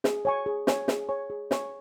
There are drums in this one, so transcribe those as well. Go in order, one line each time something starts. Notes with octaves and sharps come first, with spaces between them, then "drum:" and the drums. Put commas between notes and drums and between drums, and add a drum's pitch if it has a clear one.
G#4, drum: snare
C#5 G#5 C#6
G#4
C#5 G#5 C#6, drum: snare
G#4, drum: snare
C#5 G#5 C#6
G#4
C#5 G#5 C#6, drum: snare